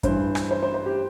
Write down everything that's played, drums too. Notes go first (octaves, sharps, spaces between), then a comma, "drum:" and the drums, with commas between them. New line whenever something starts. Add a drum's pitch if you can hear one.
G2 E3 C5, drum: kick, hi-hat
drum: rim click
C5
C5
C5
G4